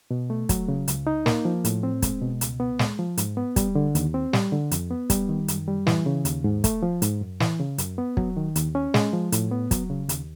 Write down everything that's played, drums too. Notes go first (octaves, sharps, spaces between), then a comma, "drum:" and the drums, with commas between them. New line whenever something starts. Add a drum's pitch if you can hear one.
B2
A3
F#3, drum: kick, hi-hat
C#3
C#2, drum: hi-hat
D#4
A#3, drum: snare
F3
A2, drum: hi-hat
C4
G#3, drum: kick, hi-hat
B2
C#2, drum: hi-hat
B3
G#3, drum: snare
F3
G#2, drum: hi-hat
B3
G3, drum: kick, hi-hat
D3
D#2, drum: hi-hat
C4
G3, drum: snare
D3
F2, drum: hi-hat
B3
G3, drum: kick, hi-hat
D#3
F#2, drum: hi-hat
G3
E3, drum: snare
C#3
D#2, drum: hi-hat
G#2
A3, drum: kick, hi-hat
F3
G#2, drum: hi-hat
F#2
E3, drum: snare
C#3
F#2, drum: hi-hat
B3
F#3, drum: kick
D#3
D#2, drum: hi-hat
C#4
G#3, drum: snare
F3
A2, drum: hi-hat
B3
F#3, drum: kick, hi-hat
C#3
D#2, drum: hi-hat